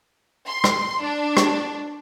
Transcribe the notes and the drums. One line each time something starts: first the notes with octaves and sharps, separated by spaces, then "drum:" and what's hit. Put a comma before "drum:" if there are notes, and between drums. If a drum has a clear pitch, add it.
C6
drum: rim click
D4
drum: rim click